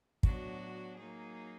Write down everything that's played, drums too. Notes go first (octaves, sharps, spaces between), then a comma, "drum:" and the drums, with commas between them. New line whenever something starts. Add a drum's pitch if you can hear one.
A2 F#3 B3 D4 F#4, drum: kick
F#3 A#3 D#4 G#4